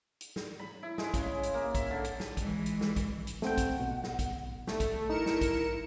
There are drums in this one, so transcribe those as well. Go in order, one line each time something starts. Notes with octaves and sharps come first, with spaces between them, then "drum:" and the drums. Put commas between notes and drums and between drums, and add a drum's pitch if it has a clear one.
drum: hi-hat
drum: snare
B5
E4
G#3, drum: snare
C#3, drum: kick A#1, hi-hat
drum: hi-hat
A#3
E5, drum: kick A#1, hi-hat
D3
drum: hi-hat
drum: snare
E3 G#3, drum: kick A#1, hi-hat
drum: hi-hat
drum: snare
drum: kick A#1, hi-hat
drum: hi-hat
A3 C4 F#5 G5, drum: snare
drum: kick A#1, hi-hat
B2
drum: snare
drum: kick A#1, hi-hat
A3 A4, drum: snare
drum: kick A#1, hi-hat
D#4 E4 A#4 C#7 E7
drum: snare
drum: kick A#1, hi-hat